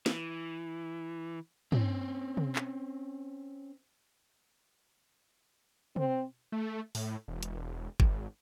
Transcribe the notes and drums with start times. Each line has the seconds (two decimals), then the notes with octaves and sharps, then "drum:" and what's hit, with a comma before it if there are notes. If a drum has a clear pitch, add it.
0.06 E3, drum: snare
1.72 C4 C#4, drum: tom
2.37 drum: tom
2.56 drum: clap
5.96 C4, drum: tom
6.52 A3
6.95 A2, drum: open hi-hat
7.28 E1
7.43 drum: hi-hat
8.00 G#1, drum: kick